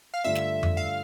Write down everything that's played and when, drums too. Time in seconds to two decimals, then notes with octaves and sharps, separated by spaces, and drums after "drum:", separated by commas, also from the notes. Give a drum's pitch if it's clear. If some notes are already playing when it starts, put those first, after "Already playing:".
0.14 F5
0.24 G2 D3 A3 D4 F4 E5
0.35 drum: snare
0.63 drum: tom F2
0.77 F5